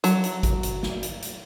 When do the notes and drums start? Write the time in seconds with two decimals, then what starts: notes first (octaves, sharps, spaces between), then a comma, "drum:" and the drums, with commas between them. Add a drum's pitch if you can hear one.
0.04 F#3, drum: hi-hat
0.24 drum: hi-hat
0.43 drum: kick G#1, hi-hat
0.63 drum: hi-hat
0.83 drum: snare
1.03 drum: hi-hat
1.22 drum: hi-hat